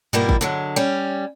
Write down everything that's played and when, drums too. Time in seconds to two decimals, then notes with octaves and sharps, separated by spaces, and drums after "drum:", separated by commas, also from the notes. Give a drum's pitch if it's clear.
0.13 B2 F3 G3 A#3 E4, drum: tom G2
0.29 drum: kick G#1
0.41 D3 F#3 G#3
0.76 G3 C#4